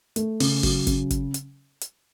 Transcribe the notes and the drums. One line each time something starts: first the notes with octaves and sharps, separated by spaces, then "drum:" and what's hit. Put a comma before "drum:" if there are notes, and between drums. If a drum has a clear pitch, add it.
A3, drum: hi-hat
C#3, drum: open hi-hat
F#3, drum: kick G1, open hi-hat
C#3, drum: kick G1, hi-hat
drum: kick G1, hi-hat
drum: hi-hat
drum: hi-hat